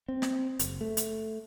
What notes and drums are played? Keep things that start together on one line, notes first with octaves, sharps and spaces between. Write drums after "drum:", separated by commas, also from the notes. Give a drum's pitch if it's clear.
C4
drum: snare
F#1, drum: hi-hat
A3
drum: hi-hat